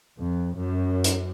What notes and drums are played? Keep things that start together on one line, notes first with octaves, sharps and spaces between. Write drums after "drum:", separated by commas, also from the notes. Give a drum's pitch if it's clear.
F2
F#2
drum: hi-hat